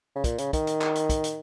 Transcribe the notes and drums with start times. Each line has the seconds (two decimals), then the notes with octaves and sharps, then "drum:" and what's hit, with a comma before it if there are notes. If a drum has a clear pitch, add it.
0.15 C#3
0.24 A#2, drum: kick, hi-hat
0.38 C#3, drum: hi-hat
0.53 D#3, drum: kick, hi-hat
0.67 drum: hi-hat
0.81 drum: clap
0.95 drum: hi-hat
1.10 drum: kick, hi-hat
1.24 drum: hi-hat